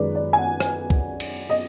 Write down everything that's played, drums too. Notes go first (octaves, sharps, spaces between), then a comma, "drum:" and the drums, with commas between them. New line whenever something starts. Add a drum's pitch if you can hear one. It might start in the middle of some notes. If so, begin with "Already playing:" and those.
Already playing: F#2 D#3 G#3 B4 D5
D5
G#5
F#5
drum: rim click
drum: kick C2
drum: cymbal
D#5